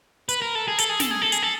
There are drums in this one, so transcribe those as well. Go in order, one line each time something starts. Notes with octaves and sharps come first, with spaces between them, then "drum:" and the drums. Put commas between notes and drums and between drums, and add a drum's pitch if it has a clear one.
B4, drum: hi-hat
A#4
A4
G#4
A4, drum: hi-hat
G#4
A4, drum: snare
G#4
A4
G#4, drum: hi-hat
A4